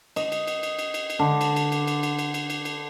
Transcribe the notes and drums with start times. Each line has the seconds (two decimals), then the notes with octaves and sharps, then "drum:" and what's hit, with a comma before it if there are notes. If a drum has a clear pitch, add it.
0.16 D#5, drum: cymbal
0.32 drum: cymbal
0.47 drum: cymbal
0.63 drum: cymbal
0.79 drum: cymbal
0.94 drum: cymbal
1.10 drum: cymbal
1.19 D3
1.41 drum: cymbal
1.56 drum: cymbal
1.72 drum: cymbal
1.87 drum: cymbal
2.03 drum: cymbal
2.19 drum: cymbal
2.34 drum: cymbal
2.50 drum: cymbal
2.65 drum: cymbal